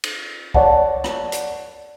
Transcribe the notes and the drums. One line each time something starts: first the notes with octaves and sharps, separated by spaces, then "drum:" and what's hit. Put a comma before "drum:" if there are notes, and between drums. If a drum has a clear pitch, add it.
drum: cymbal
C#5 D5 F#5 A5, drum: kick
drum: rim click
drum: hi-hat